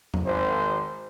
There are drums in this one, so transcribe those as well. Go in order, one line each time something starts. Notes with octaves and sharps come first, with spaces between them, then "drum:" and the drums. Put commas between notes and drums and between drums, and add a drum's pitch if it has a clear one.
drum: tom E2
G#1 C5